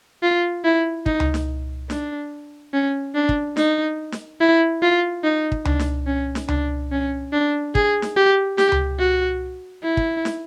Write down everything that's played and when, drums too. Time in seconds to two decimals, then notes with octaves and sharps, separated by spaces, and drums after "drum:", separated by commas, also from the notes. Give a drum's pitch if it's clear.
0.23 F4
0.65 E4
1.06 D#4, drum: kick
1.20 drum: tom C#2
1.34 drum: snare
1.90 D4, drum: snare
2.73 C#4
3.15 D4
3.29 drum: kick
3.57 D#4, drum: snare
4.12 drum: snare
4.40 E4
4.82 F4
5.24 D#4
5.52 drum: kick
5.65 D4, drum: tom C#2
5.79 drum: snare
6.07 C#4
6.35 drum: snare
6.48 D4, drum: tom C#2
6.91 C#4
7.33 D4
7.75 G#4, drum: kick
8.02 drum: snare
8.16 G4
8.58 G4, drum: snare
8.72 drum: tom C#2
9.00 F#4
9.83 E4
9.97 drum: kick
10.25 drum: snare